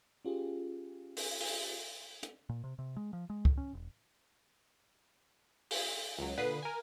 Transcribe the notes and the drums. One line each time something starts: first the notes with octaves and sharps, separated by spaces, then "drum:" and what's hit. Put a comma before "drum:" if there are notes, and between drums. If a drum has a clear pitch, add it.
C#4 F4 G4 G#4
drum: open hi-hat
drum: open hi-hat
drum: hi-hat
A#2
C3
C3
G#3
F3
G#3
D#2, drum: kick
C#4
E1
drum: open hi-hat
C#2 F#3
A#2 D3 B4 D#6 C7
A#4 G#5